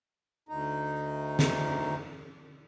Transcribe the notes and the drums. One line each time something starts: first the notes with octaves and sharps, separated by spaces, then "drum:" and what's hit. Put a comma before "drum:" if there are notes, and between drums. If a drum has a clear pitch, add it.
D2 D#4
drum: snare